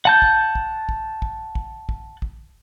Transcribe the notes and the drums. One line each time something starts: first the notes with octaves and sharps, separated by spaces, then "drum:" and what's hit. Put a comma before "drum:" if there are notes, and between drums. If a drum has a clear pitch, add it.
F#5 A5 G6
drum: kick
drum: kick
drum: kick
drum: kick
drum: kick
drum: kick
drum: kick